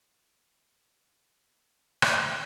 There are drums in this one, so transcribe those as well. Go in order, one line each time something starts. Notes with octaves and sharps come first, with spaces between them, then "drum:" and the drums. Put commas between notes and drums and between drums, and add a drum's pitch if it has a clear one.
G#3 C4
drum: rim click